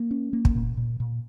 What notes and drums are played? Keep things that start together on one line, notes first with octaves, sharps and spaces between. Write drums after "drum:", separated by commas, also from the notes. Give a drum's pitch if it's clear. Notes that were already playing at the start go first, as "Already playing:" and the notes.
Already playing: A#3
C#4
A#3
drum: kick
A#2
A#2
A#2